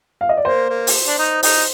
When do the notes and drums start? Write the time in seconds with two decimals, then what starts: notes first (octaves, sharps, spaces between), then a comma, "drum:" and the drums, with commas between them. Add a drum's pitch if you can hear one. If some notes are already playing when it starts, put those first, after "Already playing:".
0.21 F5
0.29 D#5
0.37 D5
0.45 A#3 C5
0.70 A#3
0.87 drum: open hi-hat
1.07 D4
1.18 D#4
1.43 D#4, drum: open hi-hat